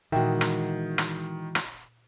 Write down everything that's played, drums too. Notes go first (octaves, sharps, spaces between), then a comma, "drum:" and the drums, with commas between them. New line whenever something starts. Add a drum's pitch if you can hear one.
A#2 D#3 E3 G#3 F#4 E5 G5
drum: rim click
drum: rim click
drum: rim click